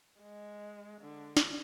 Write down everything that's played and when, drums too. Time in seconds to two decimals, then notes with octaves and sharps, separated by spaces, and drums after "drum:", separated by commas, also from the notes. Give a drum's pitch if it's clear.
0.21 G#3
1.01 D3
1.37 drum: snare